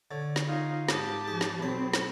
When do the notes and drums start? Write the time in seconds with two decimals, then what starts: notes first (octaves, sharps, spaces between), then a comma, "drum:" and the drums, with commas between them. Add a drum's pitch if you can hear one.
0.11 D3 C#5 A6
0.36 drum: snare
0.48 D#4 F4 C#5 F5
0.88 G#2 G4 A5 D#6, drum: snare
1.27 F3 G#4
1.41 drum: snare
1.59 B1 C4 C#5 B5
1.93 drum: snare